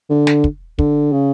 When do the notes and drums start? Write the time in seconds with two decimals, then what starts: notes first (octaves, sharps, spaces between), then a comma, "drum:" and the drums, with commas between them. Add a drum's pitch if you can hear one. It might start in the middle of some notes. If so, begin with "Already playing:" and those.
0.10 D3
0.27 drum: snare
0.44 drum: kick
0.79 D3, drum: kick
1.12 C#3